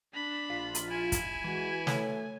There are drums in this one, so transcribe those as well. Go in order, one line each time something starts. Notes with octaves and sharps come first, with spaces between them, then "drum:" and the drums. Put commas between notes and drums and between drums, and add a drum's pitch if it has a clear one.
D4 B5
A#1 F4
drum: hi-hat
E4 G#5
drum: kick, hi-hat
E3 G#3 F#4
A3 C#5, drum: snare